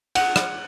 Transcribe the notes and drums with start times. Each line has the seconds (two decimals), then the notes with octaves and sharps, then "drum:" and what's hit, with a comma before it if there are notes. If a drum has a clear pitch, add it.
0.15 F#5, drum: cymbal
0.36 drum: rim click